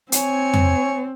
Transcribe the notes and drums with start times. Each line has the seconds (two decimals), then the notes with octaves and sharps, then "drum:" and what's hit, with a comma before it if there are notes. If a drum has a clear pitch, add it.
0.12 C4 C#5 G#5, drum: hi-hat
0.54 drum: tom